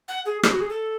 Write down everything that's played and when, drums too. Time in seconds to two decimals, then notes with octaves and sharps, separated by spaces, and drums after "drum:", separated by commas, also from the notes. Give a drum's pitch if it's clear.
0.08 F#5
0.26 G#4
0.43 G#4, drum: rim click
0.51 F#4
0.60 G#4
0.70 A4